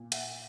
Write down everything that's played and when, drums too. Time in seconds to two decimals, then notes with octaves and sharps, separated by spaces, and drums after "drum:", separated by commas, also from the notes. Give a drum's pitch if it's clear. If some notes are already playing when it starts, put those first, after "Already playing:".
Already playing: A#2
0.12 E5 F#5, drum: hi-hat